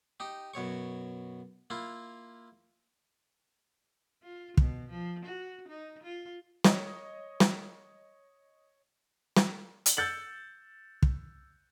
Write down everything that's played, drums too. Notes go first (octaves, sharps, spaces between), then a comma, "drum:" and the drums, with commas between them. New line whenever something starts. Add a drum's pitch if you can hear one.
D#4 G4
F#2 B2 C#5 C#6
A#3 E4 F4
F4
B2, drum: kick
F3
F#4
D#4
F4
C#5 D#5, drum: snare
drum: snare
drum: snare
drum: hi-hat
E6 G6 A6 C#7 F#7
drum: kick